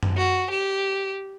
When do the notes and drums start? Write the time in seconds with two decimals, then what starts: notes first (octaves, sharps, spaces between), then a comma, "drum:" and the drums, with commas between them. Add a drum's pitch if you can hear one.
0.03 drum: tom F#2
0.17 F#4
0.51 G4